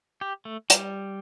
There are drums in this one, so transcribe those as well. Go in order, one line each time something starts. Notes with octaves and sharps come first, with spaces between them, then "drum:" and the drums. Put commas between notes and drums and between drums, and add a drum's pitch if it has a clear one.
G4
A3
G3, drum: hi-hat